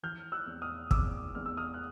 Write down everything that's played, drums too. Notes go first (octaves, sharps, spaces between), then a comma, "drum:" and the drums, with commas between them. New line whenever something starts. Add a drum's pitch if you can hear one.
E3 F6 G6
E6 F#6
E2
D#6 F6
E2 D6 E6, drum: kick
E2 F6
E6
D#6 F6
F#6